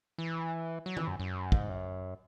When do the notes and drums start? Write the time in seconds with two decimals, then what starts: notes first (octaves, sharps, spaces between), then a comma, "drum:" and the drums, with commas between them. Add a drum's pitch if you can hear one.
0.18 E3
0.86 F#3
0.97 E3, drum: tom D#3
1.08 F#2
1.20 F#2
1.52 G#2, drum: kick
1.69 F#2